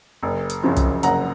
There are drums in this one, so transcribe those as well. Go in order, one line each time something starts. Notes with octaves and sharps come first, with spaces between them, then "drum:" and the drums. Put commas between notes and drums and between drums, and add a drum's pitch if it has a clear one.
F#1
drum: hi-hat
F#2 C#3 F3
drum: kick, hi-hat
F#1 F#5 A#5, drum: hi-hat